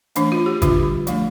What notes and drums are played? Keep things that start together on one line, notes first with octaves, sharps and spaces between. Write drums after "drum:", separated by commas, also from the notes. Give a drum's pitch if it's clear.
E3 A3 D4, drum: hi-hat
F4
G4
D3 G3 D4 F4, drum: kick G#1, hi-hat
F3 A3 D4, drum: hi-hat